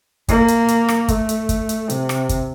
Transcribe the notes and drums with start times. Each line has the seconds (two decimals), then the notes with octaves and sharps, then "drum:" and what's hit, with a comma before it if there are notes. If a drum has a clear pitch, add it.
0.28 A#3, drum: kick, hi-hat
0.48 drum: hi-hat
0.68 drum: hi-hat
0.89 drum: rim click
1.08 A3, drum: kick, hi-hat
1.29 drum: hi-hat
1.49 drum: kick, hi-hat
1.69 drum: hi-hat
1.90 C3, drum: hi-hat
2.09 drum: rim click
2.29 drum: kick, hi-hat